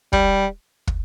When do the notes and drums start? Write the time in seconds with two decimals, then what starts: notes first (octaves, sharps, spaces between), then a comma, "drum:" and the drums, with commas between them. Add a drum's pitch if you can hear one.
0.13 G3, drum: kick
0.87 drum: kick